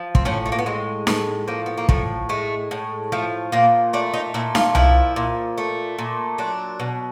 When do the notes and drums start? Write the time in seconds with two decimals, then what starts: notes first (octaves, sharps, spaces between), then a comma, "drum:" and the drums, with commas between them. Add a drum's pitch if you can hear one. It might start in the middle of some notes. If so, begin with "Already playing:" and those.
Already playing: F3
0.15 C4, drum: kick
0.25 A2 C#4
0.46 A3
0.52 A#3
0.59 B3
0.66 G#3 C4
1.07 A2 B3, drum: snare D#4
1.48 F3 A#3
1.66 B3
1.78 A#3
1.89 A2 A3, drum: kick
2.29 G#3 A3
2.71 A2
3.12 F3 A3
3.52 A#2 A#3
3.93 A3 D4
4.14 D#4
4.34 A#2 E4
4.55 F4, drum: snare D#4
4.75 F3 E4, drum: tom C2
5.16 A#2
5.58 A3
5.99 A#2
6.38 F#3 D4
6.80 B2